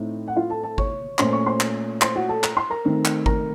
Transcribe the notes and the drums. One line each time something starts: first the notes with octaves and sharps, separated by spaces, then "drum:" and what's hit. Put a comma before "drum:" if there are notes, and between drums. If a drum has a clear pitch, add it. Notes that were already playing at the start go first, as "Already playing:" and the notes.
Already playing: A2 A3 C4 D#4
F#5
F4 F5
A4 A5
A4 A5
C#5 C#6, drum: kick G#1
A#2 A3 C#4 C5 C6, drum: clap
C#5 C#6
C5 C6
drum: clap
C5 C6, drum: clap
F#4 F#5
A4 A5
A#5, drum: clap
C6
A#4 A#5
D#3 A3 C4
drum: clap
A#4 A#5, drum: kick G#1